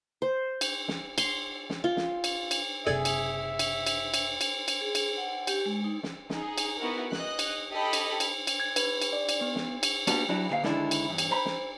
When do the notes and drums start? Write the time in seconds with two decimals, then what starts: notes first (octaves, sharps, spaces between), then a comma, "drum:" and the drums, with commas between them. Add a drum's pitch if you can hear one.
0.22 C5
0.61 drum: cymbal
0.88 drum: snare
1.18 C6, drum: cymbal
1.70 drum: snare
1.84 F4
1.97 drum: snare
2.24 drum: cymbal
2.51 drum: cymbal
2.86 F#1 C3 G#4 A4 D5 E5 G#6
3.05 drum: cymbal
3.59 drum: cymbal
3.86 drum: cymbal
4.14 drum: cymbal
4.41 drum: cymbal
4.68 drum: cymbal
4.81 G#4
4.95 drum: cymbal
5.17 F#5
5.47 G4, drum: cymbal
5.66 G#3
5.84 D#4
6.03 drum: snare
6.30 D#4 G#4, drum: snare
6.58 drum: cymbal
6.79 B3 D#4 E4 F#4 A#4
7.12 D#5 F#6, drum: snare
7.39 drum: cymbal
7.70 G4 A4 D#5 B5
7.93 drum: cymbal
8.20 drum: cymbal
8.47 drum: cymbal
8.60 G#6
8.76 B4, drum: cymbal
9.02 drum: cymbal
9.13 D5
9.29 drum: cymbal
9.41 B3
9.56 drum: snare
9.83 drum: cymbal
10.07 G3 A#3 B3 D4 F#4, drum: cymbal
10.29 F#3 G3 D4 E4 F#4
10.49 D2 A#2 G#4 F5
10.64 D3 D#3 G#3 D4 E4, drum: snare
10.91 drum: cymbal
11.09 E2 G2
11.18 drum: cymbal
11.31 C5 A#5 B5
11.45 drum: snare